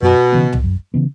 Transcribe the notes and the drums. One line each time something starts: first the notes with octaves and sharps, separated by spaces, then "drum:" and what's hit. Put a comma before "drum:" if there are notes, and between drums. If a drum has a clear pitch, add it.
F#2 B2
C#3 E3 B3
drum: tom C2
F#2
C#3 E3 B3